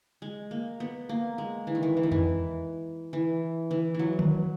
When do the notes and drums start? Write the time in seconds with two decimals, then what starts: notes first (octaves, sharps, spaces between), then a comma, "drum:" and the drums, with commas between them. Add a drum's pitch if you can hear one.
0.22 G#3
0.51 A#3
0.80 B3
1.09 A#3
1.38 G#3
1.67 E3
1.75 D#3
1.83 E3
1.97 E3
2.03 D#3
2.12 E3, drum: tom E2
3.13 E3
3.71 E3
3.95 E3 F#3
4.19 drum: tom D3